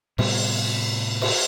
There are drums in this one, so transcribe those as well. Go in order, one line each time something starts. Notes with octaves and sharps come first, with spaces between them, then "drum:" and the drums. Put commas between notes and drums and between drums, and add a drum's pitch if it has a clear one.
A2 C3 G3 B3, drum: cymbal
drum: cymbal